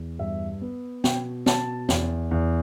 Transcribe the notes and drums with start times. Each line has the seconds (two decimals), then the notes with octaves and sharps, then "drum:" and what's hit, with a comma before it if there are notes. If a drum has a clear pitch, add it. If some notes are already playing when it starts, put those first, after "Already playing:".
Already playing: E2
0.19 G2 E5
0.61 B3
1.04 B2 G5, drum: snare
1.46 B2 A5, drum: snare
1.89 E2, drum: snare
2.31 E2